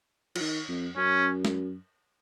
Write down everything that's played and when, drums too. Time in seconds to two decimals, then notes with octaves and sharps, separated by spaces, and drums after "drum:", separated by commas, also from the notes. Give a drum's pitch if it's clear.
0.36 F3, drum: cymbal
0.41 D#3
0.68 F2
0.96 F#2 C#4
1.45 drum: snare